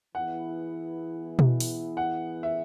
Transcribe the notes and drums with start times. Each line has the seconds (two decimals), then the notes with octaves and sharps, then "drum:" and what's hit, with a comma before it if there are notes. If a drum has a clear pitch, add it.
0.15 E3 B3 E4 G#4 F#5
1.39 drum: tom B2
1.60 drum: open hi-hat
1.97 F#5
2.43 E5